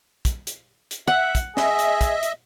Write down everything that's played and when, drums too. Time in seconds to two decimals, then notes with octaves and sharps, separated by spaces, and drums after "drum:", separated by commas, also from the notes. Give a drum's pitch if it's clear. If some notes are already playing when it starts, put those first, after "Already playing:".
0.25 drum: kick, hi-hat
0.47 drum: hi-hat
0.91 drum: hi-hat
1.08 E5 F#5
1.35 drum: kick, hi-hat
1.57 G#4 D#5 E5, drum: snare
1.79 drum: hi-hat
2.01 drum: kick, hi-hat
2.23 drum: hi-hat